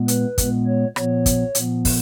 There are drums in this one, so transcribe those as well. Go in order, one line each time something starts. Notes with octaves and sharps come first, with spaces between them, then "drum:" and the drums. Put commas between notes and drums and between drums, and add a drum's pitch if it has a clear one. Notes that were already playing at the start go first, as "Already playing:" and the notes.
Already playing: A#2 G#3 B3
B4, drum: hi-hat
A#2 G#3 B3, drum: kick, hi-hat
C#5
A#2 F3 B3 C#5, drum: rim click
drum: kick, hi-hat
A#2 F3 B3, drum: hi-hat
drum: kick, open hi-hat